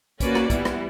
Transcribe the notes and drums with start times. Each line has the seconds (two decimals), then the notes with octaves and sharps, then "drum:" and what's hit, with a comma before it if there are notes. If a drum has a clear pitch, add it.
0.20 A#3 C#4 F#4 B4 D5, drum: kick, hi-hat
0.35 drum: rim click
0.50 E3 G3 B3 E4, drum: kick, hi-hat
0.65 drum: rim click